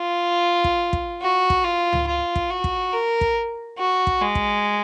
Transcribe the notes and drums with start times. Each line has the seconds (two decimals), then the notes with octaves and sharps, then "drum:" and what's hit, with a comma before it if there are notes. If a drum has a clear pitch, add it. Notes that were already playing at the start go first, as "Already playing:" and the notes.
Already playing: F4
0.64 drum: kick
0.93 drum: kick
1.22 F#4
1.50 drum: kick
1.64 F4
1.93 drum: tom C#2
2.07 F4
2.36 drum: kick
2.50 F#4
2.64 drum: kick
2.93 A#4
3.21 drum: kick
3.78 F#4
4.07 drum: kick
4.21 G#3
4.35 drum: kick